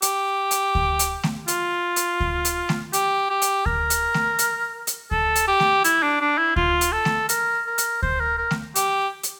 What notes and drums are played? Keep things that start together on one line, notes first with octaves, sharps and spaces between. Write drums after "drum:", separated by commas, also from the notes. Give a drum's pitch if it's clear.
G4, drum: hi-hat
drum: hi-hat
drum: kick D2
drum: hi-hat
drum: snare A3
F4, drum: hi-hat
drum: hi-hat
drum: kick D2
drum: hi-hat
drum: snare A3
G4, drum: hi-hat
G4
drum: hi-hat
A#4, drum: kick D2
drum: hi-hat
drum: snare A3
drum: hi-hat
drum: hi-hat
A4, drum: kick D2
drum: hi-hat
G4
drum: snare A3
E4, drum: hi-hat
D4
D4
E4
F4, drum: kick D2
drum: hi-hat
A4
drum: snare A3
A#4, drum: hi-hat
A#4
drum: hi-hat
C5, drum: kick D2
A#4
A#4
drum: snare A3
G4, drum: hi-hat
drum: hi-hat